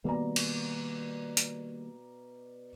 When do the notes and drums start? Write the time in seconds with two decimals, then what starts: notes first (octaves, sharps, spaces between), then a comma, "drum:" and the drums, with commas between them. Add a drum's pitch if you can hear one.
0.04 B2 D#3 G3 A#3 D5 A#5
0.36 drum: cymbal
1.37 drum: hi-hat